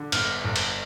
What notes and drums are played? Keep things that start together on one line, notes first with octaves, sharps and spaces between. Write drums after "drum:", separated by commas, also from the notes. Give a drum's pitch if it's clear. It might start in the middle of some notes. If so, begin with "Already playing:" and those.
Already playing: D3
G1 F6, drum: cymbal
G1
drum: cymbal